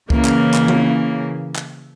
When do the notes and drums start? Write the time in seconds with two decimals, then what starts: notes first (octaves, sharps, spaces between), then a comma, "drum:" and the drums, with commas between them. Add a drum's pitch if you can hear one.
0.10 C#3 E3 A#3, drum: kick C#2
0.25 drum: clap
0.54 drum: clap
0.68 drum: tom E3
1.56 drum: clap